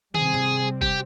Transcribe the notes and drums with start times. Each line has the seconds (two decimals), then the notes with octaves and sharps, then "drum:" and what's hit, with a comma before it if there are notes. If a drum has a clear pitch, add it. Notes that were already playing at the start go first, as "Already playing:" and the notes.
0.14 C3 G3 C4 G#4, drum: tom
0.34 drum: tom G#2
0.82 G4, drum: kick